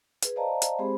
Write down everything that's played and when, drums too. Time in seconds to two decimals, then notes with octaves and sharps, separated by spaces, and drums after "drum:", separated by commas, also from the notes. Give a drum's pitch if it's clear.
0.22 G#4 B4, drum: hi-hat
0.36 C5 D5 D#5 F5 A5 A#5
0.62 drum: hi-hat
0.79 G#3 C4 G4 G#4 C5 B5